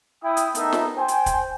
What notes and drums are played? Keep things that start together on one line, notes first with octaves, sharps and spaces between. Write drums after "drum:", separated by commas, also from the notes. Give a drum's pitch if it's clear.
E4 G5 D#6
drum: hi-hat
A3 B3 D#4 A4 A#4 E5, drum: hi-hat
drum: snare
C5 G5 G#5
drum: hi-hat
drum: kick, hi-hat